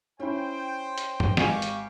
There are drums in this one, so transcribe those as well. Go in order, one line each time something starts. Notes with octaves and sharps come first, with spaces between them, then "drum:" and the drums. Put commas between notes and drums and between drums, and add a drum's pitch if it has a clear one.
C#4 E4 C5 G5
drum: hi-hat
drum: tom
G#1 G4 F5 G#5 C#6, drum: snare
drum: hi-hat